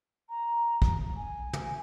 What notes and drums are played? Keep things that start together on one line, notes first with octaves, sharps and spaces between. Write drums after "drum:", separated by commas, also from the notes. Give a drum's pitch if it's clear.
A#5
drum: kick
G#5
drum: tom